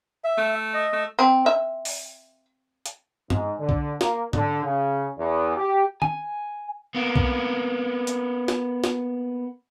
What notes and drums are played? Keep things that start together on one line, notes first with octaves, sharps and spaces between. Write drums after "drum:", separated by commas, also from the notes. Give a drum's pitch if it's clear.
E5
A3
D#5
A3
C4
E5
drum: open hi-hat
drum: hi-hat
G#2, drum: tom
D3
drum: kick B1
A#3, drum: snare
D3, drum: tom G#2
C#3
E2
G4
G#5, drum: tom
A#3 B3
drum: kick B1
drum: hi-hat
drum: snare
drum: snare